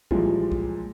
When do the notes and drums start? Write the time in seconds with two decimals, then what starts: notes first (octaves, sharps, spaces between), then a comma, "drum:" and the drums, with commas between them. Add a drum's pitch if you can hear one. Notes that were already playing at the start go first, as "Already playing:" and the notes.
0.11 A#2 E3 F3 G3 G#3, drum: kick
0.52 drum: kick